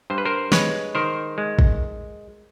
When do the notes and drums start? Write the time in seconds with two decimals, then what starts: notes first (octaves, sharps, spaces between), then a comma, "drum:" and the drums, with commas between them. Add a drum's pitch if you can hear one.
0.10 G2 C5
0.18 B4
0.26 A#4 C5
0.52 G#3 B4 C#5, drum: snare
0.95 D#3 A#4 C5
1.38 G#3
1.59 drum: kick